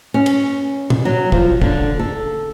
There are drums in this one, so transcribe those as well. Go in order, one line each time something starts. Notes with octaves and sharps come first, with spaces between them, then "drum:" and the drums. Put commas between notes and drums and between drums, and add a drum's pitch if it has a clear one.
C#4
drum: cymbal
drum: tom
F#3
F3, drum: kick
D3, drum: kick
A4